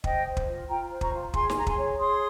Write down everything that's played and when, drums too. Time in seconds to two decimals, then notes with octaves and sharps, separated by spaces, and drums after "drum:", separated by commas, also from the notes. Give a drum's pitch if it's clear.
0.04 C5 D#5 G5, drum: kick
0.26 C5
0.37 drum: kick
0.48 F4
0.69 F4 G5 A#5
0.90 C5
1.01 A#5 C#6, drum: kick
1.13 F4
1.34 G#4 G#5 C6, drum: kick
1.50 G#5, drum: snare
1.56 G#4 A#5
1.67 G#5 C6, drum: kick
1.77 C#5
1.99 G#4 C6 D#6